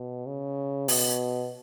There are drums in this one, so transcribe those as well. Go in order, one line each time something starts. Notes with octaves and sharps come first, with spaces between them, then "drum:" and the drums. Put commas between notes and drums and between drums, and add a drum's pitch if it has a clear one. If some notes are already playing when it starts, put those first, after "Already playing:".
Already playing: B2
C#3
B2, drum: open hi-hat